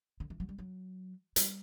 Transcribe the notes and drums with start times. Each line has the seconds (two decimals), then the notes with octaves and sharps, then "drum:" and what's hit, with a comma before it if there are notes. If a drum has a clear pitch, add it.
0.20 D3
0.30 E3
0.40 F#3
0.49 G3
0.58 F#3
1.36 G3, drum: hi-hat